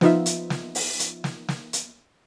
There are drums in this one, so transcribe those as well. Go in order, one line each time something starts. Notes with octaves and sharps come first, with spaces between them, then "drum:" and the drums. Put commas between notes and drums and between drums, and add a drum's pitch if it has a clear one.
F3 B3 D#4 F4 E5, drum: snare
drum: hi-hat
drum: snare
drum: open hi-hat
drum: hi-hat
drum: snare
drum: snare
drum: hi-hat